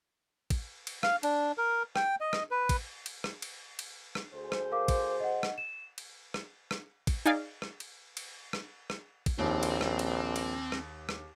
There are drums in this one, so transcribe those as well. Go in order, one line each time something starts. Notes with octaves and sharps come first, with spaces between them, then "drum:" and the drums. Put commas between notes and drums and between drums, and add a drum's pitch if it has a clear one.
drum: kick, cymbal
drum: cymbal
F5, drum: rim click
D4, drum: cymbal
A#4
G5, drum: rim click
D#5
drum: rim click
B4
drum: kick, cymbal
drum: cymbal
drum: rim click
drum: cymbal
drum: cymbal
drum: rim click
D2 G#4 C5
drum: rim click
A#4 F5 D6
drum: kick, cymbal
D#5 F#5
drum: rim click
E7
drum: cymbal
drum: rim click
drum: rim click
drum: kick, cymbal
D#4 G#4 D5 F5
drum: rim click
drum: cymbal
drum: cymbal
drum: rim click
drum: rim click
drum: kick, cymbal
A#1 D#2 C4
drum: cymbal
drum: rim click
drum: cymbal
drum: cymbal
drum: rim click
drum: rim click